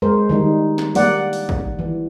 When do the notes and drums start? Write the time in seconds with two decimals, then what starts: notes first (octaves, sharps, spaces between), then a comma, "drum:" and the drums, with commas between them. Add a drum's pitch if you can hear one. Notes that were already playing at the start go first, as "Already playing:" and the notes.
0.02 G#3 A#4 C5
0.29 D#3 G3 D#4
0.78 drum: snare
0.95 G3 A#3 D5 F#5, drum: open hi-hat
1.33 drum: open hi-hat
1.49 drum: kick
1.79 E3